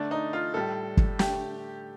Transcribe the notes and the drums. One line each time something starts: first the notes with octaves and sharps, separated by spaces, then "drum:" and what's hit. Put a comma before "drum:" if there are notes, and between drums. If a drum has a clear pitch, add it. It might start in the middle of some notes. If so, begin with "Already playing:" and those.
Already playing: D3 A3 D4
D#4
F4
A2 G3 A4
drum: kick
D3 A3 G4, drum: snare